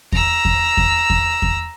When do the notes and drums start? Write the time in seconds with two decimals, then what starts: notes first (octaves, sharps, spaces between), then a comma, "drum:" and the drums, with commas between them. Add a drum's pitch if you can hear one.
0.12 A#5 E6, drum: kick E2
0.45 drum: kick E2
0.77 drum: kick E2
1.10 drum: kick E2
1.42 drum: kick E2